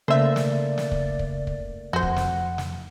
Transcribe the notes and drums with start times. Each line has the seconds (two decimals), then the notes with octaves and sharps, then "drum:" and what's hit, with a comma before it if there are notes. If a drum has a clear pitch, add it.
0.08 C#3 A3 A#3 C5 D5 E5
0.36 drum: snare
0.78 drum: snare
0.91 drum: kick
1.19 drum: kick
1.47 drum: kick
1.93 F2 F#4 C5 F#5
2.03 drum: kick
2.16 drum: snare
2.58 drum: snare